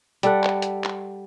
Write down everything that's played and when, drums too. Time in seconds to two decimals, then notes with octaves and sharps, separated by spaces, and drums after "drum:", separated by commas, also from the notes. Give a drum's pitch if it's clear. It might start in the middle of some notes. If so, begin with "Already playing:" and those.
0.23 G3 A4 F#5, drum: hi-hat
0.44 drum: clap
0.62 drum: hi-hat
0.84 drum: clap